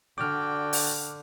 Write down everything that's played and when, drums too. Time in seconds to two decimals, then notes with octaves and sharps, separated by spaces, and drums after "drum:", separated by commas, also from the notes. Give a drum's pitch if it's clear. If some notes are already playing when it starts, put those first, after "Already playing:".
0.18 D3 F#4 D5 G5 D6 F6
0.73 drum: open hi-hat